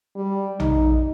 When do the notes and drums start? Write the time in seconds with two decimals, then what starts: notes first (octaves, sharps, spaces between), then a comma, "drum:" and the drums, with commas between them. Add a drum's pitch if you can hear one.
0.16 G3
0.60 D#4, drum: tom A#1